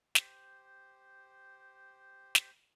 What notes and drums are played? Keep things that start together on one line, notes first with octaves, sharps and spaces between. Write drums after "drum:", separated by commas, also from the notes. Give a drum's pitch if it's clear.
G4 C5, drum: snare
drum: snare